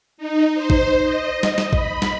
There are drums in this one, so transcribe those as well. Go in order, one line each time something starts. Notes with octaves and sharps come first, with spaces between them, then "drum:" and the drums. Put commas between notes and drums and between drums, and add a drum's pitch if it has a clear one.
D#4
C5
drum: kick A1
D#5
drum: snare
drum: snare
B5, drum: kick A1
drum: snare